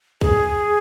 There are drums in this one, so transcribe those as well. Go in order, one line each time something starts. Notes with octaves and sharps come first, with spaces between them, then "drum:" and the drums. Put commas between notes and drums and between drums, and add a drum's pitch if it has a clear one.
G#4, drum: kick